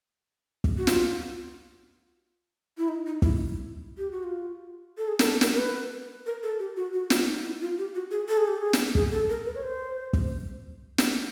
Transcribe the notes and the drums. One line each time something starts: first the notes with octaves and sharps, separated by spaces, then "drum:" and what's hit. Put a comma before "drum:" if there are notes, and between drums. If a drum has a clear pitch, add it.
drum: kick
F#4
F4, drum: snare
E4
D#4
D#4
E4, drum: kick
G4
F#4
F4
A4
G#4
A#4, drum: snare
A4
A#4, drum: snare
A#4
B4
A#4
A4
G4
F#4
F#4
F4, drum: snare
D#4
E4
F4
G4
F#4
G#4
A4
G#4
G4
G#4
drum: snare
G#4, drum: kick
A4
A#4
B4
C#5
C5
drum: kick
drum: snare